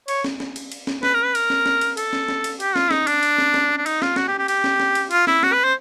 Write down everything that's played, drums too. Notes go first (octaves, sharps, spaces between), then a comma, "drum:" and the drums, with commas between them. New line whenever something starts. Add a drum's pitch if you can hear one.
C#5, drum: cymbal
drum: snare
drum: snare
drum: cymbal
drum: cymbal
drum: snare
B4, drum: snare
A#4
B4
A#4, drum: cymbal
drum: snare
drum: snare
drum: cymbal
A4, drum: cymbal
drum: snare
drum: snare
drum: cymbal
G4, drum: cymbal
F4, drum: snare
D#4, drum: snare
D4, drum: cymbal
drum: cymbal
drum: snare
drum: snare
D4
D#4, drum: cymbal
F4, drum: snare
F#4, drum: snare
G4
G4
G4, drum: cymbal
drum: snare
drum: snare
drum: cymbal
F4, drum: cymbal
E4, drum: snare
F#4, drum: snare
B4
C5